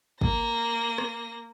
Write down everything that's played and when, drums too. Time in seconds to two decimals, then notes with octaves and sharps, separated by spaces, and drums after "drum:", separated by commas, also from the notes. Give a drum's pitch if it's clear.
0.21 A#3 A#6, drum: kick
0.98 drum: rim click